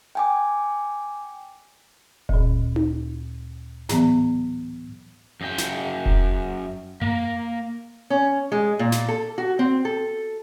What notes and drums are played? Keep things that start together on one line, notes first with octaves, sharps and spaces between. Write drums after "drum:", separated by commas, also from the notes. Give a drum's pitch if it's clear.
G5 G#5 D6
D2 A#2, drum: kick E1
drum: tom D#4
A2 E3 F#3 B3, drum: snare
F#2 G5
drum: snare
drum: kick E1
A#3, drum: tom F#2
C#4
G#3
A#2
drum: snare
A4
F#4
C4
A4